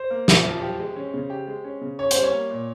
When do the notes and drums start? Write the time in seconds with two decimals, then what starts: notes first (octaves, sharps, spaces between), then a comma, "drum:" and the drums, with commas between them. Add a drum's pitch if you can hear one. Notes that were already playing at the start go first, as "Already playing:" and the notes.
Already playing: C5
0.10 A#3
0.28 F4, drum: snare
0.45 F3
0.62 G4
0.79 G#3
0.96 C#4
1.14 C#3
1.30 G4
1.47 G#3
1.64 C#4
1.82 C#3
1.99 C#4 C#5
2.11 C5, drum: hi-hat
2.16 G3
2.23 C#5
2.33 A#3
2.50 A#2